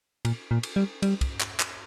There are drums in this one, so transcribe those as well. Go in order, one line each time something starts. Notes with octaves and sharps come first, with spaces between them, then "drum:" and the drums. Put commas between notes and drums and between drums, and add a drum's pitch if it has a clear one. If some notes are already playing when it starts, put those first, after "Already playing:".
A#2, drum: cymbal
A#2
drum: cymbal
G3
G3, drum: cymbal
drum: kick, cymbal
drum: clap
drum: clap